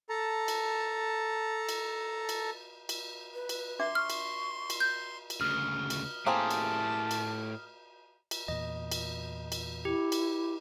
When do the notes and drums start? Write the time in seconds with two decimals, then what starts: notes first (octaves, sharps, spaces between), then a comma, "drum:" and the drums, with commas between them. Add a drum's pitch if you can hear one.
0.09 A4 A5 A#5
0.48 drum: cymbal
1.69 drum: cymbal
2.29 drum: cymbal
2.89 drum: cymbal
3.34 B4
3.49 drum: cymbal
3.79 D4 E5 C6 D6
3.95 C#6 F6
4.10 drum: cymbal
4.70 drum: cymbal
4.80 G6
5.30 drum: cymbal
5.41 D2 C#3 D#6 F6
5.90 drum: cymbal
6.27 A2 A#3 C4 G4 G#4 A5
6.51 drum: cymbal
7.11 drum: cymbal
8.31 drum: cymbal
8.48 E2 A#2 D#5
8.92 drum: cymbal
9.52 drum: cymbal
9.85 E4 G4
10.12 drum: cymbal